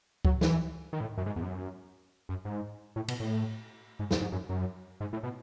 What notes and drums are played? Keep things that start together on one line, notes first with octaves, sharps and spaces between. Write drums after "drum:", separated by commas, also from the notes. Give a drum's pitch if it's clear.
F#3, drum: kick C#2
E3, drum: snare
D#3
A2
F#2
G#2
E2
F#2
F#2
G#2
A2
B2, drum: cymbal
A2
G#2
E2, drum: snare
G#2
F#2
F#2
G#2
A2
B2